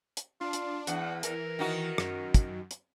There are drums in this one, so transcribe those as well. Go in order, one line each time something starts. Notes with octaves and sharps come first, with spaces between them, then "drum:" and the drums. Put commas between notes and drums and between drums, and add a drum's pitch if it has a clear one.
drum: hi-hat
D4 F4
drum: hi-hat
E2 F#5, drum: hi-hat
E3 A#4, drum: hi-hat
D#3 D#4 F#4
F#2, drum: rim click
drum: kick, hi-hat
drum: hi-hat